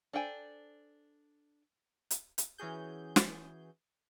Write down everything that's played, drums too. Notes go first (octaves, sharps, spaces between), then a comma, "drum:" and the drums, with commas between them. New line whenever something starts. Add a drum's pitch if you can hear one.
D4 A4 C5 G5 G#5
drum: hi-hat
drum: hi-hat
E3 C#4 F#4 G#4 G6
drum: snare